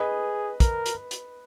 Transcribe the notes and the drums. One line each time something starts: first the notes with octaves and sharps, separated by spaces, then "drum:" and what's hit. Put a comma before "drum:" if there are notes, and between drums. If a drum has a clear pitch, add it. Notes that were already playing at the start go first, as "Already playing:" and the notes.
Already playing: G#4 B4 D#5
A#4, drum: kick, hi-hat
drum: hi-hat
drum: hi-hat